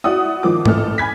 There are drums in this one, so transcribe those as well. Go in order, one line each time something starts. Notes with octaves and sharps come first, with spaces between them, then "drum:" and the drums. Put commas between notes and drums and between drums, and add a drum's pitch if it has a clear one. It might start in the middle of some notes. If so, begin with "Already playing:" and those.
E4 F#4 D5 F#5 D#6
D#3 F3 D6
A1 A3 A4 F6, drum: tom G#2
G#5 B5 G#6 B6